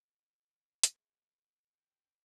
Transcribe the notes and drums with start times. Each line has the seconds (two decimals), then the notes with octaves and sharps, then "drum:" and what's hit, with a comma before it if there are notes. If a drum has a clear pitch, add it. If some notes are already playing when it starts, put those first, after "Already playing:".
0.83 drum: hi-hat
0.97 G#4 E5
1.76 G5